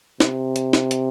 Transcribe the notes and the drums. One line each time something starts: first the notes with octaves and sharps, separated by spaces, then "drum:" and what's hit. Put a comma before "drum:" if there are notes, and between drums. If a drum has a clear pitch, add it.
C3, drum: snare
drum: hi-hat
drum: snare
drum: hi-hat